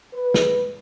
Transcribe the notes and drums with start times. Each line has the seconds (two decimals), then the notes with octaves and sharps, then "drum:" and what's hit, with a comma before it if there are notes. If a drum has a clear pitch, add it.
0.13 B4
0.34 drum: snare